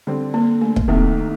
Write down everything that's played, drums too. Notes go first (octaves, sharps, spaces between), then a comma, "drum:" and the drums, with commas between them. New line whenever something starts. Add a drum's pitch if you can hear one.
D3 G3 C4
A#3
A3
drum: kick
C2 C3 D#3 A3 A#3